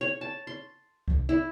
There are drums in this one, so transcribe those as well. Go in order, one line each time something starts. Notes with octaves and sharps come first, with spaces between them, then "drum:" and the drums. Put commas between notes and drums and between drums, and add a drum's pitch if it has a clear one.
C#5
A5
C6
drum: kick C2
E4